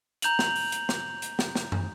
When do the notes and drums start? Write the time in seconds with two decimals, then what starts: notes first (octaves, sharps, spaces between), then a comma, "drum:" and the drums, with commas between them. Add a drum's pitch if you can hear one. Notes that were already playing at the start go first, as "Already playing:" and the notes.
0.22 A#5 G6 F7 F#7, drum: hi-hat
0.39 drum: snare
0.56 drum: open hi-hat
0.72 drum: hi-hat
0.89 drum: snare
1.22 drum: hi-hat
1.39 drum: snare
1.55 drum: snare
1.72 drum: tom